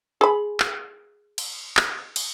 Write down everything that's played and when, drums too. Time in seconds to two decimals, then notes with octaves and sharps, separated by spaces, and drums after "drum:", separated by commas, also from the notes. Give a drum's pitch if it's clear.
0.21 G#4 B5
0.60 drum: clap
1.38 drum: cymbal
1.77 drum: clap
2.16 drum: cymbal